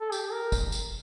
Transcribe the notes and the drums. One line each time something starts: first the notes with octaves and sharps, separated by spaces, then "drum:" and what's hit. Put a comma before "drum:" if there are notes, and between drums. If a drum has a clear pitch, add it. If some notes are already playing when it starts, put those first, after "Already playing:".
A4
G4, drum: tambourine
A#4
drum: kick, tambourine
drum: tambourine